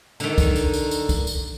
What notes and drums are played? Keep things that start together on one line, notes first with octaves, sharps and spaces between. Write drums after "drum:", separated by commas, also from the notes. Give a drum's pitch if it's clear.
D3 D#3, drum: tambourine
drum: kick, tambourine
drum: tambourine
drum: tambourine
drum: tambourine
drum: kick, tambourine
drum: tambourine